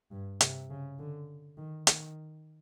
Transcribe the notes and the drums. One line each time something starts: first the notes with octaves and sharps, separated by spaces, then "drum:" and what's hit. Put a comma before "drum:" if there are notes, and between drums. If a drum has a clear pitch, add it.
G2
C3, drum: hi-hat
C#3
D3
D#3
D#3, drum: hi-hat